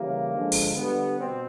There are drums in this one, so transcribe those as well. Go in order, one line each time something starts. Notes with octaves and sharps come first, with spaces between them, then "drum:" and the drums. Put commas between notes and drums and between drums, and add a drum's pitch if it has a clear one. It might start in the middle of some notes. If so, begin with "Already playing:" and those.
Already playing: C#3 E3 G3 A#3
D3 F3 G#3
drum: open hi-hat
D3 G3 B3
B2 C4